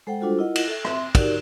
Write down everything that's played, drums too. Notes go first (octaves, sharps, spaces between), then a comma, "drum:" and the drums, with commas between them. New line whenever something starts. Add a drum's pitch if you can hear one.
G#3 A4 C5 F#5 G5
G3 D4 F4 F#4 A4 C5
E4 F4 A#4 D#5 F#5
drum: cymbal
A4 E5
C4 E5 C6, drum: rim click
D#4 F#4 G4 A#4 D5, drum: kick, cymbal